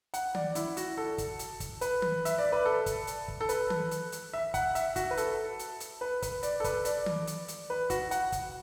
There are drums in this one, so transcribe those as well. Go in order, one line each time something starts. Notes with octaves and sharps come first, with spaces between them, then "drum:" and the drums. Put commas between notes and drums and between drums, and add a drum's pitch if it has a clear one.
F#5, drum: hi-hat
D5, drum: tom D#3
E4, drum: hi-hat
F#4, drum: hi-hat
A4
drum: kick, hi-hat
drum: hi-hat
drum: kick, hi-hat
B4, drum: hi-hat
drum: tom D#3
E5, drum: hi-hat
D5
B4
A4
drum: kick, hi-hat
drum: hi-hat
drum: kick
A4
B4, drum: hi-hat
drum: tom D#3
drum: hi-hat
drum: hi-hat
E5
F#5, drum: kick, hi-hat
E5, drum: hi-hat
F#4, drum: kick, hi-hat
B4
A4, drum: hi-hat
drum: hi-hat
drum: hi-hat
B4
B4, drum: kick, hi-hat
D5, drum: hi-hat
A4
B4, drum: kick, hi-hat
D5, drum: hi-hat
drum: tom D#3
drum: hi-hat
drum: hi-hat
B4
F#4, drum: kick, hi-hat
F#5, drum: hi-hat
drum: kick, hi-hat